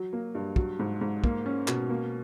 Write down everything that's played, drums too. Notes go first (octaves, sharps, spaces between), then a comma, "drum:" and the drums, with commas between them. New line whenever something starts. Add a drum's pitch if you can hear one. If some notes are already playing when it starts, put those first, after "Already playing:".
Already playing: F#3
A#3
G2
F#3, drum: kick
G#2
G#2
A#3, drum: kick
C#4
B2, drum: clap
A#3